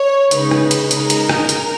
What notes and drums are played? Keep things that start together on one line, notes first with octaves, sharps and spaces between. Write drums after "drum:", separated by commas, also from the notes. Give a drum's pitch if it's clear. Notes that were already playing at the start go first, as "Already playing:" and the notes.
Already playing: C#5
C#3 G#3 D#4 B4, drum: hi-hat
drum: rim click
drum: hi-hat
C#3 G#3 D#4 A#4, drum: hi-hat
drum: hi-hat
drum: rim click
drum: hi-hat